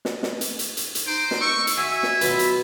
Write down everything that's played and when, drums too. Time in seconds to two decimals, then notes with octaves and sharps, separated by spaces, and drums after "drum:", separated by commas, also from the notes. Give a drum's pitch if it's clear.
0.05 drum: snare
0.23 drum: snare
0.41 drum: hi-hat
0.59 drum: hi-hat
0.77 drum: hi-hat
0.95 drum: hi-hat
1.07 D#4 C5 D7
1.31 drum: snare
1.41 D#5 C#6 E6
1.67 drum: hi-hat
1.78 F#4 E5 G#5
2.03 drum: snare
2.21 B2 F#3 F4 B4 B6, drum: hi-hat
2.39 drum: hi-hat